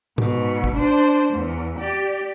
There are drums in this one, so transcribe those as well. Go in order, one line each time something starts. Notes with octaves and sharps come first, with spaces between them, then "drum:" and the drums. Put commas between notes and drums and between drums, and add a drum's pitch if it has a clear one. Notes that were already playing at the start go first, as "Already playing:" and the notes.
G#2 B2, drum: tom A2
drum: kick
D4 C5
E2
G4 D5